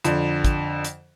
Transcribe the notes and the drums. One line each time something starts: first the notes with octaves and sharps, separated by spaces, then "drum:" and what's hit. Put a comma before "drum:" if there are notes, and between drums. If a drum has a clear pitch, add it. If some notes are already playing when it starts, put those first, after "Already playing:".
F2 D3, drum: hi-hat
drum: kick, hi-hat
drum: hi-hat